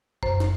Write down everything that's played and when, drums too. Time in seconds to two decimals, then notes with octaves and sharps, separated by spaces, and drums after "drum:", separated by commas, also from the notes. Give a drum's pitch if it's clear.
0.23 F#2 C5, drum: kick F1
0.40 drum: snare